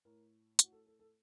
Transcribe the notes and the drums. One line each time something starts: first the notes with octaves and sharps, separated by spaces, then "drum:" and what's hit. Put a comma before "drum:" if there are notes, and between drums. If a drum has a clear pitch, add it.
A2 A#4
A2 F#4, drum: hi-hat
A4
A4
A4